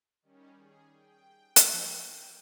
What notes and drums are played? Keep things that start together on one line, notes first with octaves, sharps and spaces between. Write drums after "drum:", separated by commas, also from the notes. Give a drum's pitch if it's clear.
D#3 G3 C#4
G#4
G5
drum: hi-hat
F3